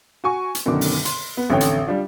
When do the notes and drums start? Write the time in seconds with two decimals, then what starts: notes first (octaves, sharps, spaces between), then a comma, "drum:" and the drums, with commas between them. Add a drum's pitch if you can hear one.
0.24 F#4 G#5 C#6
0.55 drum: hi-hat
0.66 F#2 B2 D3 D#3 D4 D6
0.81 drum: open hi-hat
1.05 C6, drum: hi-hat
1.37 B3
1.50 A1 F2 D3 A4 C#5 G5
1.61 drum: hi-hat
1.87 G3 D4 F4